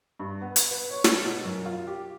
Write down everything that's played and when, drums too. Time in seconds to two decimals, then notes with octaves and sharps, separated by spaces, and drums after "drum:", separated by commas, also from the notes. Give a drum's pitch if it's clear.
0.19 G2
0.42 B3
0.56 drum: hi-hat
0.71 B4
0.91 C#5
1.04 E6, drum: snare
1.25 B2
1.45 F#2
1.66 F4
1.87 G4